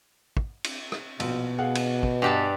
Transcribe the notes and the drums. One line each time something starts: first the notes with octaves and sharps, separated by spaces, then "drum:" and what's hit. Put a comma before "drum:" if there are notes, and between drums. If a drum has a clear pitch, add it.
drum: kick
drum: cymbal
drum: rim click
A#1 B2, drum: cymbal
G#4 F5 F#5
drum: cymbal
drum: kick
G2 G4 D#5 F#5 G#5 A5